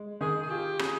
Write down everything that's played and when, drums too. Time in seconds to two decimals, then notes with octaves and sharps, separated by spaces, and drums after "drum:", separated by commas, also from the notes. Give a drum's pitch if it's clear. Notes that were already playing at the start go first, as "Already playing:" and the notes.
Already playing: G#3
0.21 D#3 G#4
0.43 G#4
0.50 F4 G4
0.79 C#4 G#4, drum: rim click